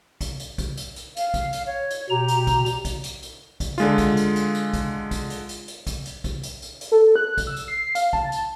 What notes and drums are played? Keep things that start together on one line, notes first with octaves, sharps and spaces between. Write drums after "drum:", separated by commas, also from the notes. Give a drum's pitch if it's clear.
drum: kick, hi-hat
drum: hi-hat
drum: kick, hi-hat
drum: hi-hat
drum: hi-hat
F5, drum: hi-hat
drum: kick, hi-hat
drum: hi-hat
C#5
drum: hi-hat
B2 G4 A#5
drum: hi-hat
drum: kick, hi-hat
drum: hi-hat
drum: kick, hi-hat
drum: hi-hat
drum: hi-hat
drum: kick, hi-hat
D3 G#3 F4, drum: hi-hat
drum: kick, hi-hat
drum: hi-hat
drum: hi-hat
drum: hi-hat
drum: kick, hi-hat
drum: kick, hi-hat
drum: hi-hat
drum: hi-hat
drum: hi-hat
drum: kick, hi-hat
drum: hi-hat
drum: kick, hi-hat
drum: hi-hat
drum: hi-hat
drum: hi-hat
A4
F#6
drum: kick, hi-hat
E6
drum: hi-hat
C7
F5, drum: hi-hat
A5, drum: kick
drum: hi-hat